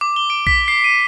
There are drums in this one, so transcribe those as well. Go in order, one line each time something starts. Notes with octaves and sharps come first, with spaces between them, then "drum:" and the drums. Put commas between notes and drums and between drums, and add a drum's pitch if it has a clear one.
D6
G7
D7
B6, drum: kick B1
C7
D#7